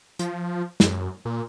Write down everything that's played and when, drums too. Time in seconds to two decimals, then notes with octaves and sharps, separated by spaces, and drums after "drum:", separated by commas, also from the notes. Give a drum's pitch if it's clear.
0.19 F3, drum: hi-hat
0.80 F#2, drum: snare
1.25 A#2